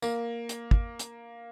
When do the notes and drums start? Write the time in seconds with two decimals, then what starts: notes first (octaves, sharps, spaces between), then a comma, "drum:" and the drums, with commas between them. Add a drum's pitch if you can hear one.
0.02 A#3, drum: tambourine
0.49 drum: hi-hat
0.71 drum: kick
0.99 drum: hi-hat